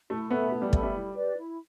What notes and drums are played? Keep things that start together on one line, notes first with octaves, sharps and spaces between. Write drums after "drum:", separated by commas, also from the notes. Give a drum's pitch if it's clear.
A3 E4
B3 A4 E5 B5
A3 E4
G3
A4 E5 B5, drum: kick
G3
E4
G4 B4 D5
E4